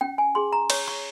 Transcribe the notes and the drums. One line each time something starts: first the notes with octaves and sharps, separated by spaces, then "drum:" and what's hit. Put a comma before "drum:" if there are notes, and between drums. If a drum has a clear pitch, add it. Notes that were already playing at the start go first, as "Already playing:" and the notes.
C#4 G5
G#5
G#4 C6
A#5
C#5 C#6, drum: cymbal
C#6